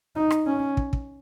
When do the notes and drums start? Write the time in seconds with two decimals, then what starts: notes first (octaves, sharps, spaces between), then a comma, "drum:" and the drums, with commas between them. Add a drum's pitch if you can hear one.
0.16 D#4
0.30 drum: rim click
0.46 C#4
0.77 drum: kick
0.93 drum: kick